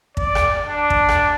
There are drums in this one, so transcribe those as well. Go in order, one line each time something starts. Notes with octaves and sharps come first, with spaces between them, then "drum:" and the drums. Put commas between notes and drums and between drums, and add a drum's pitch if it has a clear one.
D5, drum: kick
drum: rim click
D4
drum: kick
drum: rim click